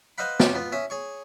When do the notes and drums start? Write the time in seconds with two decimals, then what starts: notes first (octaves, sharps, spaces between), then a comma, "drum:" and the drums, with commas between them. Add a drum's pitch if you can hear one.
0.18 B4 C5 D#5 F5 F#5 B5
0.40 C3 C#4 F4 G5 C6, drum: snare
0.55 B3 F4
0.73 C#4 E5 D#6
0.90 G#4 C#5 C#6